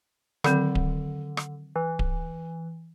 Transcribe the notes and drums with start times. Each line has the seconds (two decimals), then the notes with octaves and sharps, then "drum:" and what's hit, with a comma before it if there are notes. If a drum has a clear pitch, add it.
0.44 D3 D#3 F#3 C4, drum: rim click
0.75 drum: kick D1
1.37 drum: rim click
1.76 E3
1.99 drum: kick D1